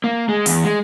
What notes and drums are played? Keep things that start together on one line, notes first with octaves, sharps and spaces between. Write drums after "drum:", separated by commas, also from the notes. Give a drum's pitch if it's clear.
A#3
G#3
E2, drum: open hi-hat
G#3